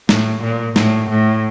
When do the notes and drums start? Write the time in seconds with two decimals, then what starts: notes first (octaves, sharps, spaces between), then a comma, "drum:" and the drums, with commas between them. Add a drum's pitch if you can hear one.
0.09 A2, drum: snare
0.43 A#2
0.76 A2, drum: snare
1.10 A2